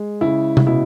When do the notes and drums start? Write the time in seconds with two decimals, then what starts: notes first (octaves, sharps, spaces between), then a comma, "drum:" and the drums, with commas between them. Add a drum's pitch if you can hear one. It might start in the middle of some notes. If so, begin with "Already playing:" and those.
Already playing: G#3
0.21 C#3 E4
0.57 drum: tom C3
0.67 B2 E4